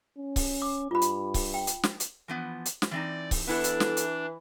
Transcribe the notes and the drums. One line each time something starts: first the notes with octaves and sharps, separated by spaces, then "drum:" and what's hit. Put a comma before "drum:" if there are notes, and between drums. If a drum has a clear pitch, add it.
C#4
drum: kick C#1, open hi-hat
D6
G2 F4 B5
drum: hi-hat
drum: kick C#1, open hi-hat
G5
drum: hi-hat
drum: snare
drum: hi-hat
E3 F3 B3
drum: hi-hat
drum: snare
E3 C4 D#4 D5
drum: kick C#1, open hi-hat
E3 B3 D4 E4 A4
drum: hi-hat
drum: snare
drum: hi-hat